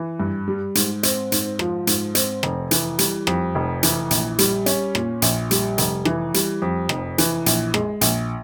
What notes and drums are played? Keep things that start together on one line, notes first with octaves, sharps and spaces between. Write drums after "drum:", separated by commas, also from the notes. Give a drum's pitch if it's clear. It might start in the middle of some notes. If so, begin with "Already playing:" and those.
Already playing: E3
G2
G3
G#2, drum: hi-hat
C4, drum: hi-hat
G#2, drum: hi-hat
F3, drum: rim click
G#2, drum: hi-hat
C4, drum: hi-hat
F1, drum: rim click
E3, drum: hi-hat
G3, drum: hi-hat
F2, drum: rim click
F1
E3, drum: hi-hat
A#1, drum: hi-hat
G3, drum: hi-hat
C#4, drum: hi-hat
A#2, drum: rim click
A#1, drum: hi-hat
G3, drum: hi-hat
F1, drum: hi-hat
E3, drum: rim click
G3, drum: hi-hat
F2
F1, drum: rim click
E3, drum: hi-hat
A#1, drum: hi-hat
G#3, drum: rim click
A#1, drum: hi-hat